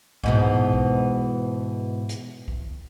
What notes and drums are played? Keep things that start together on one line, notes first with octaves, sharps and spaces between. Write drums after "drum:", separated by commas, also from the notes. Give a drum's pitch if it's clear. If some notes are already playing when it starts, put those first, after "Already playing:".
G#2 B2 E3, drum: kick
drum: kick
drum: hi-hat
drum: kick